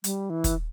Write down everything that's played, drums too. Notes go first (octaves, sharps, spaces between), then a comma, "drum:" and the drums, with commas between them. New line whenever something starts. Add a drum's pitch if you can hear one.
G3, drum: hi-hat
E3
drum: kick, hi-hat